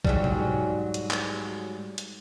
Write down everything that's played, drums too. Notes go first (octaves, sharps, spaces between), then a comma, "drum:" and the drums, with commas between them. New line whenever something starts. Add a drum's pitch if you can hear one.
G#2 F#3 G3, drum: kick
drum: tom B2
drum: hi-hat
drum: clap
drum: hi-hat